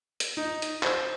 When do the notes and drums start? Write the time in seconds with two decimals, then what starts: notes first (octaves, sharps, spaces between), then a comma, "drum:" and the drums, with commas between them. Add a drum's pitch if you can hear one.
0.20 drum: hi-hat
0.37 D#4
0.62 drum: hi-hat
0.83 C5, drum: clap